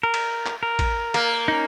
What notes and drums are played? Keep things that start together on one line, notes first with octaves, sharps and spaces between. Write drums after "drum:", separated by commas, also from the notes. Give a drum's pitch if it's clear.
A#4
drum: cymbal
drum: clap
A#4
drum: kick A1, cymbal
A#3, drum: cymbal
C#4 D#4